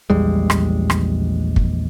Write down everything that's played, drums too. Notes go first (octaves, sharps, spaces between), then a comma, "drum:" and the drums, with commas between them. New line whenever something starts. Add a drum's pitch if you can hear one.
A#1 E2 G3 G#3
drum: rim click
drum: rim click
drum: kick